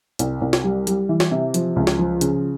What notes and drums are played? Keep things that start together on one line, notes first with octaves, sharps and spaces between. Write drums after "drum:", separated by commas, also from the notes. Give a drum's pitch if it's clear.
C2, drum: hi-hat
C2
drum: snare
G3
G3, drum: hi-hat
E3
drum: snare
C3
F3, drum: hi-hat
C#2
drum: snare
F3
C#3, drum: hi-hat